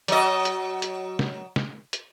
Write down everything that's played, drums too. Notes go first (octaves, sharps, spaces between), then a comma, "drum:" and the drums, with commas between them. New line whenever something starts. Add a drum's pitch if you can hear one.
F#3 D#5, drum: hi-hat
drum: hi-hat
drum: hi-hat
drum: snare
drum: snare
drum: hi-hat